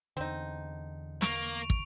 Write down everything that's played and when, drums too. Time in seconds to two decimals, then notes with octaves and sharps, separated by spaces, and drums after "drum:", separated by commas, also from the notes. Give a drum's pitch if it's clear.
0.17 E2 D3 C4 D#4
1.22 A#3 C#6 D7 F7, drum: snare
1.70 drum: kick